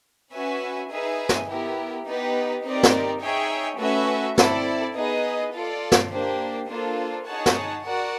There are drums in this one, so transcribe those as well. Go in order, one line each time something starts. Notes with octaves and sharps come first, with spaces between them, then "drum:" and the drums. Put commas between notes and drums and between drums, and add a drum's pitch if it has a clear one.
C#4 F#4 B4 E5 G#5
D#4 G#4 B4 E5 G#5
drum: snare
B3 E4 G4 A#4
B3 D#4 G4 B4
C4 D#4 G4 A#4 D5
drum: snare
D#4 G#4 C#5 E5 G5
A3 C#4 F#4 B4 E5
C4 E4 A4 D5, drum: snare
B3 D#4 G#4 B4 D#5
F4 A4 D5
drum: snare
A#3 D4 G4 C5
A#3 D4 F4 A4 C5
D#4 G#4 C#5 F#5 A5
drum: snare
F#4 A#4 D5 F#5